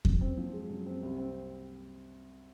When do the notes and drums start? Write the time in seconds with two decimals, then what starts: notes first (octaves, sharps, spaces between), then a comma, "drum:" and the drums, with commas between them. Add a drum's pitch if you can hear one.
0.05 F#2, drum: kick E2
0.21 C4
0.37 F3
0.53 G#3
0.70 F#2
0.86 C4
1.02 C2
1.18 C4